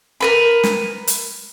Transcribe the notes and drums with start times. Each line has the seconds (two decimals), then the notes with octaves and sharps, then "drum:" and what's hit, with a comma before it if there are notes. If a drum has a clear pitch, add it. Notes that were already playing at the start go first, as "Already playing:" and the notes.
0.20 A#4 B4 B5
0.64 drum: snare
1.08 drum: hi-hat